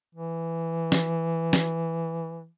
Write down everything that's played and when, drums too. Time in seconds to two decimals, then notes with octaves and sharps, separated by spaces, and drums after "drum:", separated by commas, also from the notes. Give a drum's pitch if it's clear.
0.15 E3
0.92 drum: snare
1.53 drum: snare